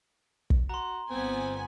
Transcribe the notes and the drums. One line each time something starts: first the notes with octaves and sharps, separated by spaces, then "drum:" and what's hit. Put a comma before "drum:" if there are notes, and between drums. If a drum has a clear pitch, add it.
drum: kick
F#4 A#5 C6
G1 B3 C4 G#5